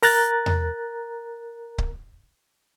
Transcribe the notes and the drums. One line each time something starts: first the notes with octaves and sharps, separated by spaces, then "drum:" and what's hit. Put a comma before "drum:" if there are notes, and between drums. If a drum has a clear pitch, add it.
A#4 A#5 F#6 A6, drum: open hi-hat
drum: tom E2
drum: kick C#1